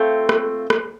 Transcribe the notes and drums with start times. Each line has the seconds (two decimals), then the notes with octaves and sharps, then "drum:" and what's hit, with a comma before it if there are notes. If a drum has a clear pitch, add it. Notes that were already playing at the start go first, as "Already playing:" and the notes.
Already playing: A3 C4 F4
0.29 drum: rim click
0.70 drum: rim click